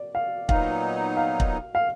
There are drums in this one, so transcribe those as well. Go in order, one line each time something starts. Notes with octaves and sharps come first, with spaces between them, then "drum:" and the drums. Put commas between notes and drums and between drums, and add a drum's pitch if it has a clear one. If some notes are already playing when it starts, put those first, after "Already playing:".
Already playing: D5
F5
A#2 F#3 B3 D#4 F5, drum: kick
F5
drum: kick
F5